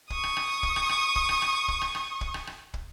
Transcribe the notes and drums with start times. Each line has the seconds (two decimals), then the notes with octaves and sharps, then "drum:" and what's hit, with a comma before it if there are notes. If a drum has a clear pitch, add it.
0.10 C#6 D#6, drum: kick
0.23 drum: rim click
0.37 drum: rim click
0.63 drum: kick
0.76 drum: rim click
0.89 drum: rim click
1.16 drum: kick
1.29 drum: rim click
1.42 drum: rim click
1.68 drum: kick
1.81 drum: rim click
1.95 drum: rim click
2.21 drum: kick
2.34 drum: rim click
2.47 drum: rim click
2.74 drum: kick